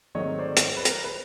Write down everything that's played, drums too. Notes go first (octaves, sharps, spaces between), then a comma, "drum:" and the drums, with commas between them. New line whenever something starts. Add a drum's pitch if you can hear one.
G#2 D#3 F#3 A3 C4 C#5 D#5
C5 D5
drum: hi-hat
B4
A#4 C5, drum: hi-hat
B4